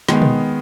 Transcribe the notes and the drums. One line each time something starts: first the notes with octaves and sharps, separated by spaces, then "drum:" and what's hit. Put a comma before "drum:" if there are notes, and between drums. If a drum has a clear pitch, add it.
D#3 G#3 B3, drum: snare
drum: tom B2